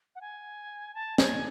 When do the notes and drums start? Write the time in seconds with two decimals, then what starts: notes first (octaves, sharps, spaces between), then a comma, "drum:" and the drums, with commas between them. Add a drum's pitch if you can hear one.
0.15 F#5
0.21 G#5
0.94 A5
1.18 G#5, drum: snare